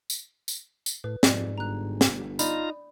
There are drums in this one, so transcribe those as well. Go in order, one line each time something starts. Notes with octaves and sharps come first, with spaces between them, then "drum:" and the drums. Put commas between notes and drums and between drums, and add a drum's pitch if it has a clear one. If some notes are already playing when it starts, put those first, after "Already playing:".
drum: tambourine
drum: tambourine
drum: tambourine
A2 B4
F2 G#2 D5, drum: snare
G1 A#5 F#6
drum: snare
D#4 F4 D5 A#5 B5, drum: tambourine